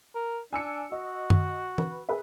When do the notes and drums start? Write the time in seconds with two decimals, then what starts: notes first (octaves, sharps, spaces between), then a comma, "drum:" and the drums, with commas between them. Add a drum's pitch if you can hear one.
0.15 A#4
0.53 D4 G#5 E6 C#7
0.92 F#4 D#5
1.30 drum: tom F#2
1.78 B4, drum: tom
2.09 G#4 B4 E5